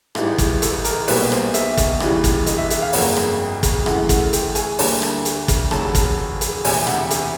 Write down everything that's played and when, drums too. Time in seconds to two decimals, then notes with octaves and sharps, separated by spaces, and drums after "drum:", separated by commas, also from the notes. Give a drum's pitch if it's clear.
0.15 A1 G#2 E3 G3, drum: rim click
0.38 drum: kick, hi-hat
0.62 A4, drum: hi-hat
0.84 A#4, drum: hi-hat
1.08 B1 B2 G3 A#3 B4, drum: open hi-hat
1.32 C5, drum: rim click
1.54 E5, drum: hi-hat
1.77 drum: kick, hi-hat
2.00 E1 D#2 C#3 E3 G3, drum: rim click
2.24 drum: kick, hi-hat
2.46 D#5, drum: hi-hat
2.58 E5
2.70 E5, drum: hi-hat
2.82 F5
2.93 G1 F2 C#3 F#3 A#3 F#5, drum: open hi-hat
3.16 drum: rim click
3.63 drum: kick, hi-hat
3.86 F#2 C#3 E3 A3 F#5, drum: rim click
4.09 F#5, drum: kick, hi-hat
4.33 G5, drum: hi-hat
4.55 G#5, drum: hi-hat
4.79 D2 D3 G3 A#3 A5, drum: open hi-hat
5.02 drum: rim click
5.25 drum: hi-hat
5.48 drum: kick, hi-hat
5.71 F1 D#2 C#3 F#3 A5, drum: rim click
5.95 drum: kick, hi-hat
6.41 drum: hi-hat
6.64 E1 D2 C3 G#5, drum: open hi-hat
6.87 F#5, drum: rim click
7.11 drum: hi-hat